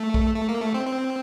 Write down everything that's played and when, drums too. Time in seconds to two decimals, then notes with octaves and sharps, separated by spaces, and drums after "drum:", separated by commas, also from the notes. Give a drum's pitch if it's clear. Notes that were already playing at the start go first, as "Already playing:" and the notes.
Already playing: A3
0.14 drum: kick
0.36 A3
0.49 A#3
0.61 A3
0.74 C4
0.86 C4